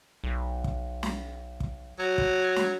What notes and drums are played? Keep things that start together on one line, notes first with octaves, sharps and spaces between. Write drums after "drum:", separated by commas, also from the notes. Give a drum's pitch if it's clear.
B1
drum: kick
drum: snare
drum: kick
F#3
drum: kick
drum: snare